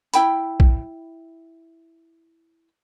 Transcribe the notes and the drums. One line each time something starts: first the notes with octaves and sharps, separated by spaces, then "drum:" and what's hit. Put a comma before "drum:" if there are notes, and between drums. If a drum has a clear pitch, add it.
E4 G5 B5, drum: hi-hat
drum: kick